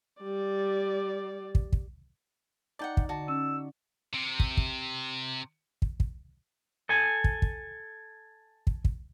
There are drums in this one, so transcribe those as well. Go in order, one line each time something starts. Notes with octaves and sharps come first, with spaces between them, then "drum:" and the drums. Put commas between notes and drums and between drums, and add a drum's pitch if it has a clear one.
G3 D5
drum: kick
drum: kick
D#4 D5 F#5 G5 A5
drum: kick
D3 F#4 A5
C#4 E6
C3
drum: kick
drum: kick
drum: kick
drum: kick
A4 G#5
drum: kick
drum: kick
drum: kick
drum: kick